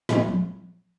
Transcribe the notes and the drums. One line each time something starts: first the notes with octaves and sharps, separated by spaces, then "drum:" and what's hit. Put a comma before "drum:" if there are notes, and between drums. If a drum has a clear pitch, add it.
A#2 F3 G#3 C4 E4, drum: snare
drum: tom F3